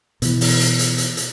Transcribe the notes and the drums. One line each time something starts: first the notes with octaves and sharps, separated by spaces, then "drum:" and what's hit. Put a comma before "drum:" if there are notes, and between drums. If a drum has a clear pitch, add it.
B2 E3, drum: hi-hat
drum: open hi-hat
drum: hi-hat
drum: hi-hat
drum: hi-hat
drum: hi-hat